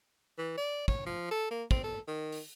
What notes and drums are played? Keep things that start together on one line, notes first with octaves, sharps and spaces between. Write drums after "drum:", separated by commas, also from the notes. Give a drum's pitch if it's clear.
E3
D5
C#5, drum: kick
F3
A4
A#3
C4, drum: kick
A4
D#3
drum: open hi-hat